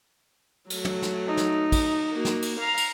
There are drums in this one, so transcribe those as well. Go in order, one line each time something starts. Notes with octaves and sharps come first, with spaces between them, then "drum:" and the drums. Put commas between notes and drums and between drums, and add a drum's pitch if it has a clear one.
F#3 A3, drum: cymbal
drum: tom
drum: snare
D#4
drum: snare
drum: kick, cymbal
A#3 F#4
drum: snare
drum: cymbal
F5 A#5
drum: cymbal